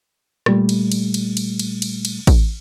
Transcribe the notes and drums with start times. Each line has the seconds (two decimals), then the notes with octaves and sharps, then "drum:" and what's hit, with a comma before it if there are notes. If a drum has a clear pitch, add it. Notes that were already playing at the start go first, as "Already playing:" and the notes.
0.46 A#2 G3 A3, drum: rim click
0.69 drum: cymbal
0.92 drum: cymbal
1.14 drum: cymbal
1.37 drum: cymbal
1.59 drum: cymbal
1.82 drum: cymbal
2.05 drum: cymbal
2.27 drum: kick A1, cymbal